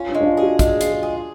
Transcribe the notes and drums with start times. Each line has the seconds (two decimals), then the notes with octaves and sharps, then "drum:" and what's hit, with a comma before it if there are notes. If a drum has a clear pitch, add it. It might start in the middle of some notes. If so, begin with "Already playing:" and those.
Already playing: C#4 F4
0.09 D4
0.15 G#3
0.20 D4
0.26 F4
0.37 F#4 G#4
0.59 G#3, drum: kick, hi-hat
0.81 F4, drum: hi-hat
1.03 G#4